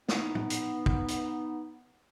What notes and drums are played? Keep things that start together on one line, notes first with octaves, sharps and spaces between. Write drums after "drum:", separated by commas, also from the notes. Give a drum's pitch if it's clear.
B3 D#4, drum: snare
drum: tom
drum: hi-hat
drum: kick
drum: hi-hat